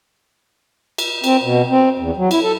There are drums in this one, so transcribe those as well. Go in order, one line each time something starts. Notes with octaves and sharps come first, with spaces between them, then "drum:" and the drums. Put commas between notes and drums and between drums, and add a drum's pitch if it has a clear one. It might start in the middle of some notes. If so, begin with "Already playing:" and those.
drum: cymbal
C4, drum: cymbal
B2
C4
E2
F#3
E4, drum: cymbal
A4